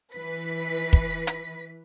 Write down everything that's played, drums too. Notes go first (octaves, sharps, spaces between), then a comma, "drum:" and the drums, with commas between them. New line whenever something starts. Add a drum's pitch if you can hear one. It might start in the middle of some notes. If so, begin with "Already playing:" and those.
E3 B4 B6
drum: kick
drum: hi-hat